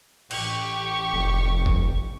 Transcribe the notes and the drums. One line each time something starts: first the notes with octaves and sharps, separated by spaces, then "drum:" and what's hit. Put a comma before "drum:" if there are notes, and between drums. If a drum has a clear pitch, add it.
A1 G4 C#6, drum: cymbal
F1
drum: kick G#1